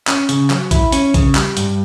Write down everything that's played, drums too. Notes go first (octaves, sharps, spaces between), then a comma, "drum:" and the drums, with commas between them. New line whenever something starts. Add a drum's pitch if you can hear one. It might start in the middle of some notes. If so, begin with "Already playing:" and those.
C#4, drum: clap
C#3, drum: hi-hat
F#3, drum: clap
E4, drum: kick A#1, hi-hat
C#4, drum: hi-hat
C#3, drum: kick A#1, hi-hat
G3, drum: clap
G2, drum: hi-hat